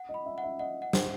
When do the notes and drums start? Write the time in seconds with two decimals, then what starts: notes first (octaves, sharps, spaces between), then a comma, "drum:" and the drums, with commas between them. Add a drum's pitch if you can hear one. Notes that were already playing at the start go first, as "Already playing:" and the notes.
Already playing: F#5
0.09 D#5
0.14 B5
0.26 E5
0.38 F#5
0.43 E5
0.59 D#5 F#5
0.82 F#5
0.93 C5, drum: snare